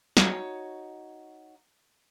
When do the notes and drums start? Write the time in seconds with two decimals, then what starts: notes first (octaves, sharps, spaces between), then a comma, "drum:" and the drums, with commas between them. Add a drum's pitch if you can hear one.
0.17 D#4 F#4 C#5, drum: snare